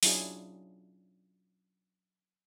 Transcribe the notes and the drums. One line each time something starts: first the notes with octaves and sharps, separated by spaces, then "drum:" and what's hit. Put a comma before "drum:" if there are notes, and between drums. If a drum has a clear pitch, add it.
F#3 C#4 D4 E4 F4 G#4, drum: open hi-hat